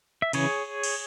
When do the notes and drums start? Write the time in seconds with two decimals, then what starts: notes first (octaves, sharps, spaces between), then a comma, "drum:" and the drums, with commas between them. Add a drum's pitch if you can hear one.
0.22 E5
0.33 C#3 E3 C#4 G#4 C#5, drum: cymbal
0.83 drum: cymbal